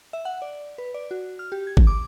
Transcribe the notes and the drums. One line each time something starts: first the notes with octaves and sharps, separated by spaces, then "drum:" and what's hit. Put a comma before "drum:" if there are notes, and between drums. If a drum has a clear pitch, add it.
E5
F#5
D5
B4
D5
F#4
F6
G4
G#6
drum: kick G#1
D6